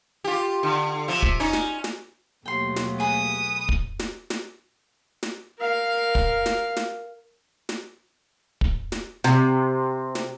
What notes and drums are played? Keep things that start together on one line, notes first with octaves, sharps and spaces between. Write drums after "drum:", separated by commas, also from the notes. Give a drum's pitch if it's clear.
F4 G4
D3
C3 F3
drum: kick
C#4 D#4
drum: snare
drum: snare
D#2 B2 F#3 A3 G5 C6
drum: snare
G#4 B4 D#6
drum: kick
drum: snare
drum: snare
drum: snare
A#4 F5
drum: kick
drum: snare
drum: snare
drum: snare
drum: kick
drum: snare
C3, drum: snare
drum: snare